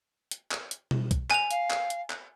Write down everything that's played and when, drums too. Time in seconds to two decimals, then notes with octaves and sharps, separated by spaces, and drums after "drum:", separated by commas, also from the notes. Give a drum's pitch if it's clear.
0.31 drum: hi-hat
0.51 drum: clap
0.71 drum: hi-hat
0.91 drum: tom B2
1.11 drum: kick B1, hi-hat
1.30 G#5 F7, drum: clap
1.51 F5, drum: hi-hat
1.70 drum: clap
1.90 drum: hi-hat
2.10 drum: clap